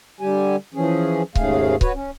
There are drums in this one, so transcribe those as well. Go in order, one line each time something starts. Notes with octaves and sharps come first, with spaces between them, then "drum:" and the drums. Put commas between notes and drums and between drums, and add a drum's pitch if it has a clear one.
D3 G3 G4 G#5
E3 F3 C#4 G#4
D#2 G#2 C#3 A3 G#4 F5, drum: kick C#1
F#4 B4 C#5, drum: kick C#1
C#4